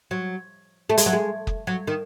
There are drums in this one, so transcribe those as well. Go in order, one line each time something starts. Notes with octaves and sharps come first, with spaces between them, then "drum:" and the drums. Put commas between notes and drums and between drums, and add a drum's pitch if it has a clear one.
F#3
A3
G#3, drum: hi-hat
F#3
G#3
drum: kick
F#3
D#3